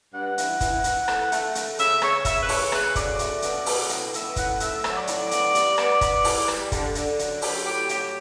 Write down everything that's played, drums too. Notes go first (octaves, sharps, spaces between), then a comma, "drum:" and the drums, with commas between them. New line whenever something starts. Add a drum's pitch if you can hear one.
G2 F#5
E3, drum: hi-hat
E3, drum: kick, hi-hat
E3, drum: hi-hat
A3, drum: rim click
A3, drum: hi-hat
A3, drum: hi-hat
C#3 E5, drum: hi-hat
C#3 C#5, drum: rim click
C#3 E5, drum: kick, hi-hat
B4
E3 C#5, drum: open hi-hat
C#3 B4, drum: rim click
D2 D5, drum: kick, hi-hat
A3, drum: hi-hat
B2, drum: hi-hat
B2, drum: open hi-hat
A2, drum: hi-hat
B3 E5, drum: hi-hat
A2 F#5, drum: kick, hi-hat
A3 E5, drum: hi-hat
F#3, drum: rim click
D5
A2, drum: hi-hat
B3, drum: hi-hat
G3, drum: hi-hat
B3, drum: rim click
B3, drum: kick, hi-hat
E3, drum: open hi-hat
G3, drum: rim click
D3, drum: kick, hi-hat
D3, drum: hi-hat
F#2, drum: hi-hat
F#3 G4, drum: open hi-hat
A2 G4
F#3 G4, drum: hi-hat